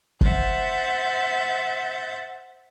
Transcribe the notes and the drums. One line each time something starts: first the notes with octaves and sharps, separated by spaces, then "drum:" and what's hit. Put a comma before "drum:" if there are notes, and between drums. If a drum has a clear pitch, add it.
C5 E5 F#5 G6 A6, drum: kick